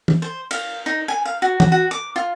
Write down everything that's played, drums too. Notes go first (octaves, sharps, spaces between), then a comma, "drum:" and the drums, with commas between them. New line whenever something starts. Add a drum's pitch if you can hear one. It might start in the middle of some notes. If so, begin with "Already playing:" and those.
drum: tom
C5
F5, drum: cymbal
D#4
G#5
F5
F#4
F#4, drum: tom
F#4
D6
F4